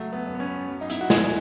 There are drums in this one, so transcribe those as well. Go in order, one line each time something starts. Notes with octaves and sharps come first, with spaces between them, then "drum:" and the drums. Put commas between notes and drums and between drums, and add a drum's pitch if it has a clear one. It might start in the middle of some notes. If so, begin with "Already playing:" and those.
Already playing: C#2 F#3 A3
B3
F#2
B3
C#4
F#3
D#4
E4, drum: hi-hat
F#4
D#2 G#4, drum: snare